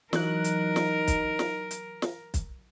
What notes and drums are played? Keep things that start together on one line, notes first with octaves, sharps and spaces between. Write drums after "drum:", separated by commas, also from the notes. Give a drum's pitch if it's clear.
E3 F#3 D#4 A#4 F#6, drum: snare
drum: hi-hat
drum: snare
drum: kick, hi-hat
drum: snare
drum: hi-hat
drum: snare
drum: kick, hi-hat